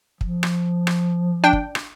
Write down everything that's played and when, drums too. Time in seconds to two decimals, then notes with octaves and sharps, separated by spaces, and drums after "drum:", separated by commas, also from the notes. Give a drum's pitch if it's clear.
0.21 F3, drum: kick
0.43 drum: rim click
0.87 drum: rim click
1.44 D4 G5
1.53 drum: kick
1.75 drum: rim click